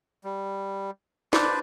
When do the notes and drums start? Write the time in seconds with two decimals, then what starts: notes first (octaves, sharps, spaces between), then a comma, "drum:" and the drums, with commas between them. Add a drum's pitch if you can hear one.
0.24 G3
1.33 D4 B4 C5 D5, drum: snare